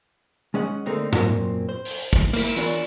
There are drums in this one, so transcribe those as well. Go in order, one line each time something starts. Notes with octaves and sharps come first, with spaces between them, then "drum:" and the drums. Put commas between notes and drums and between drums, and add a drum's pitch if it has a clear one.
G#3 C#4 D#5 F#5
D3 A3 A#3 C4 D#4
F#2 A#2 A#3 C4, drum: tom G#2
C5
drum: open hi-hat
drum: kick
A#3 E4, drum: cymbal
E3 B3 D4 F4 A#4 C#5